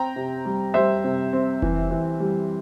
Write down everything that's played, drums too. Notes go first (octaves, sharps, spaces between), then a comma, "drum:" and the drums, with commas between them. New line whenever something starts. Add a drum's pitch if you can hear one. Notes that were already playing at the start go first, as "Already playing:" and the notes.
Already playing: C4 G5 A#5
C3
G3
G3 C5 E5
C3
C4
E3, drum: kick F1
E3
G3